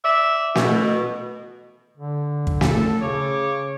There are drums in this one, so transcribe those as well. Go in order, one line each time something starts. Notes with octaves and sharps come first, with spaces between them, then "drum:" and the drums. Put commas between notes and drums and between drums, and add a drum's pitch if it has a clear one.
D5 E5
B2, drum: snare
D3
drum: kick
A4, drum: snare
C#3 C#5 D6